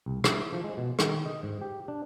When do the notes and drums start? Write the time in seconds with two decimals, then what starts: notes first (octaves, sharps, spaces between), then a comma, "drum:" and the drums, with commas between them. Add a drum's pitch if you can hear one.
0.06 C2
0.24 E4, drum: rim click
0.52 F3
0.64 G#3
0.77 B2
0.99 D#3, drum: rim click
1.26 D#5
1.43 G#2
1.61 G4
1.88 D4